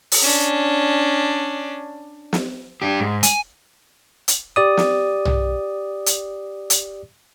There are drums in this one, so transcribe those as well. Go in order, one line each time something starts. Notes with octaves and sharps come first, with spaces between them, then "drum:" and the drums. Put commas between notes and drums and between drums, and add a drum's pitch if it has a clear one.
drum: open hi-hat
C#4 D4
drum: snare
D4 G4
G#2
G#5, drum: hi-hat
drum: hi-hat
G4 D5 D#6
drum: snare
drum: tom B1
drum: hi-hat
drum: hi-hat